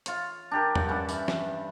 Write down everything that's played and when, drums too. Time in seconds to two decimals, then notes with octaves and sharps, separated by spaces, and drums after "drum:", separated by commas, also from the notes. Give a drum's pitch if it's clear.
0.06 F4 C#5, drum: hi-hat
0.51 D4 G4 A#4
0.76 G2 D5 F#5, drum: tom E2
0.89 G2 C#4 A5 B5
1.09 E3, drum: tambourine
1.28 drum: snare